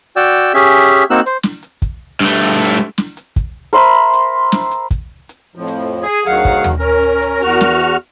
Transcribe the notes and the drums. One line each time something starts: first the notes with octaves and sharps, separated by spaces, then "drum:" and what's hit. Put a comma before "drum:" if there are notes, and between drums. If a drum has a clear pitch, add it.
F#4 D5 G5 E6
C#4 G4 G#4 E5
drum: hi-hat
drum: hi-hat
A#3 C4 D#4 F#4 E6 F#6
C5, drum: hi-hat
drum: snare
drum: hi-hat
drum: kick, hi-hat
G2 A3, drum: hi-hat
drum: hi-hat
drum: hi-hat
drum: hi-hat
drum: snare
drum: hi-hat
drum: kick, hi-hat
A#4 C5 E5 B5, drum: hi-hat
drum: hi-hat
drum: hi-hat
drum: snare
drum: hi-hat
drum: kick, hi-hat
drum: hi-hat
F2 A2 F3
drum: hi-hat
G#4
D2 D#3 F#3 G#4 F5 F#5, drum: hi-hat
drum: kick, hi-hat
drum: tom
C#4 A#4
drum: hi-hat
drum: hi-hat
E2 F#4 F6, drum: hi-hat
drum: snare
drum: hi-hat